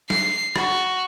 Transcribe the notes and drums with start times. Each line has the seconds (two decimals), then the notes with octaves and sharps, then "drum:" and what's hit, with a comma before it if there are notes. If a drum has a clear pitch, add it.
0.10 C7, drum: snare
0.56 F#4, drum: rim click